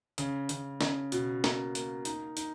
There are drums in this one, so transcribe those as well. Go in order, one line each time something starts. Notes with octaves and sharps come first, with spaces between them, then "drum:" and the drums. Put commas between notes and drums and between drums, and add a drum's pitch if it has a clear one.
C#3, drum: hi-hat
C#3, drum: hi-hat
C#3, drum: snare
B2, drum: hi-hat
A#3, drum: snare
A#3, drum: hi-hat
D#4, drum: hi-hat
D#4, drum: hi-hat